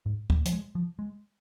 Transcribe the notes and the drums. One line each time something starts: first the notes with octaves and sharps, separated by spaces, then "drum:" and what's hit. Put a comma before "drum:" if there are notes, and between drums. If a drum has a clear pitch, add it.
G#2
A#3, drum: kick
F3, drum: hi-hat
G#3
F3
G#3